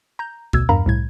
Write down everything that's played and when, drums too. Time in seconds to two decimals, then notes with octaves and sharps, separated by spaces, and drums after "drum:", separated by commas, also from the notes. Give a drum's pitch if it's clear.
0.19 A#5 G6
0.53 D2 B2 E6 G#6, drum: kick A#1
0.69 E2 G2 A#4 F5 A#5 B5
0.86 C2 A2 G#6